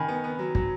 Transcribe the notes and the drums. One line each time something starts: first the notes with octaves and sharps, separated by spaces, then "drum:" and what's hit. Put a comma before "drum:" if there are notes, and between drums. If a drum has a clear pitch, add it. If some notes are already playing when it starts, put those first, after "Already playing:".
Already playing: D#3 G#5 B5
B3
B3
F#3
F#3, drum: kick